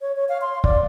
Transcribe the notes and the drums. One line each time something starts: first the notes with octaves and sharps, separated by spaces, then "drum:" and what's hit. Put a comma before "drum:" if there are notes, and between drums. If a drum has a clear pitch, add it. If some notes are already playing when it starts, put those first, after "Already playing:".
C#5
C#5
F5
C6
D5, drum: kick